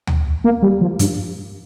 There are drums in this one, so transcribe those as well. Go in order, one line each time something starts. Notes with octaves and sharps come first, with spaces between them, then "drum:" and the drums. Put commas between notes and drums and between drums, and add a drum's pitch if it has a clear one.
drum: tom D2
A#3
G3
F3
G2, drum: hi-hat